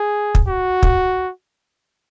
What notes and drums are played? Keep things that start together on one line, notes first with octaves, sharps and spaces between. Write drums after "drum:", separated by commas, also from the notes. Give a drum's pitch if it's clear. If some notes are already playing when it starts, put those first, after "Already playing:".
Already playing: G#4
drum: kick
F#4
drum: kick